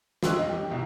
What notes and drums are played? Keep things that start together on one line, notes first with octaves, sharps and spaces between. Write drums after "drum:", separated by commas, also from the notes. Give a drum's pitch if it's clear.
C5 F5 G5 C6 E6 F#6, drum: snare
F2 D#5
G4
C2 B2 E5 G5